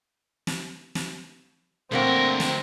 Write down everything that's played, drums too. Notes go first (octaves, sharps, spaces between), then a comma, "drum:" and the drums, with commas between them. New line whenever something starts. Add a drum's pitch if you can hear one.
drum: snare
drum: snare
D2 D3 A#3 C4 F#4 A#4
drum: snare